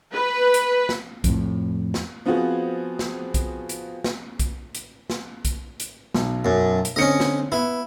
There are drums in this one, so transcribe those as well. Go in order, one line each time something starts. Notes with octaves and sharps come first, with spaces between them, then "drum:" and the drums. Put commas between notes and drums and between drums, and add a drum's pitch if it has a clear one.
B4
drum: hi-hat
drum: snare
F2 A2, drum: kick B1, hi-hat
drum: snare
F3 B3 C4 F4 F#4 G#4
drum: snare
drum: kick B1, hi-hat
drum: hi-hat
drum: snare
drum: kick B1, hi-hat
drum: hi-hat
drum: snare
drum: kick B1, hi-hat
drum: hi-hat
B1, drum: snare
F#2
drum: hi-hat
D3 C4 C#4 D#5 C#7
drum: snare
B3 E4